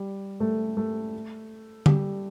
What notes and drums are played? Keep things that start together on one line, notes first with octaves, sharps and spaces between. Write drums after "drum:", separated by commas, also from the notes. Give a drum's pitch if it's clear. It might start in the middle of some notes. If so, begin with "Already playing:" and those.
Already playing: G3
A3
A3
G3, drum: tom